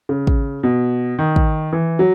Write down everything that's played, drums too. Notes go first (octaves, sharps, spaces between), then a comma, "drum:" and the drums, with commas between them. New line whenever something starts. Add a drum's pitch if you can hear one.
C#3
drum: kick
B2
D#3
drum: kick
E3
F#3